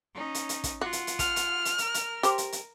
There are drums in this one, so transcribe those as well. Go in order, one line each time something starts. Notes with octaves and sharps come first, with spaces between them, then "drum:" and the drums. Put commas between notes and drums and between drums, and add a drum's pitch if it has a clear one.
C#4 D#4
drum: hi-hat
drum: hi-hat
drum: kick, hi-hat
F4 F#4 F#5
drum: hi-hat
drum: hi-hat
F6, drum: kick, hi-hat
drum: hi-hat
drum: hi-hat
A#4, drum: hi-hat
drum: hi-hat
G4 C5, drum: hi-hat
drum: hi-hat
drum: hi-hat